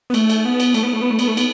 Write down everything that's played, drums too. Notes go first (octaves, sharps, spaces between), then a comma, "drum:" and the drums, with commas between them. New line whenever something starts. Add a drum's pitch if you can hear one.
B3
A3, drum: cymbal
drum: cymbal
B3
drum: cymbal
A3, drum: cymbal
B3
A3
B3
A3
B3, drum: cymbal
A3
B3, drum: cymbal